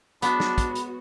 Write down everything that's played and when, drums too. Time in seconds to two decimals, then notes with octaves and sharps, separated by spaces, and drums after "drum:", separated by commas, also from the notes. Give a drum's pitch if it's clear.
0.22 F#3 G#3 B3 D4 F#4 B5, drum: hi-hat
0.40 drum: snare
0.58 drum: kick, hi-hat
0.75 drum: hi-hat